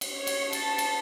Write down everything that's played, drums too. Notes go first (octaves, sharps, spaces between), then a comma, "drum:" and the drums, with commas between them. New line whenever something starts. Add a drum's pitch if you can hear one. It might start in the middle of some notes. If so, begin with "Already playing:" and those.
drum: cymbal
C#5
drum: cymbal
A5, drum: cymbal
drum: cymbal